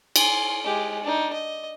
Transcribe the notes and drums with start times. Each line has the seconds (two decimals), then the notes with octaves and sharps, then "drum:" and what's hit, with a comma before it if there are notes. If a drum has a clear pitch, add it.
0.16 G#5 C6, drum: cymbal
0.64 G#3 G4
1.03 D4 D#4
1.33 D#5